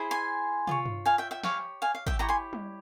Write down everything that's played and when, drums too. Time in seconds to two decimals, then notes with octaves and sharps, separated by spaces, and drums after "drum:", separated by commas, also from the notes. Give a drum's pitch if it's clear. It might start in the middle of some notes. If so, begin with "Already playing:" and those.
Already playing: E4 G#4 C5
0.11 G#5 C6
0.67 F4 G#4 C#5, drum: tom
0.85 drum: tom G2
1.06 F5 G#5
1.18 E5 G5
1.31 E5 G5
1.43 G4 C#5 F5 G#5, drum: snare
1.82 F5 G#5
1.95 F5
2.07 E5 G5, drum: kick
2.19 E4 G4 C#5 G5 A#5
2.29 G#5 C6
2.53 drum: tom G3